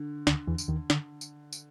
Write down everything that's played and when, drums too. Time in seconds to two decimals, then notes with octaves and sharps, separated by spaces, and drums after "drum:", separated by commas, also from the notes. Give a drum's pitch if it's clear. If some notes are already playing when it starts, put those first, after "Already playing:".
Already playing: D3
0.27 D2 D3, drum: snare
0.48 E2 E3
0.58 drum: tambourine
0.68 D#2 D#3
0.90 D3, drum: snare
1.21 drum: tambourine
1.52 drum: tambourine